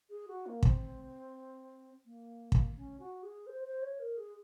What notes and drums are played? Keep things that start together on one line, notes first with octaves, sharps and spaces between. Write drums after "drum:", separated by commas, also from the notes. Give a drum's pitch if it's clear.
G#4
F#4
A#3
C4, drum: kick
A#3
drum: kick
C#4
F#4
G#4
C5
C5
C#5
A#4
G#4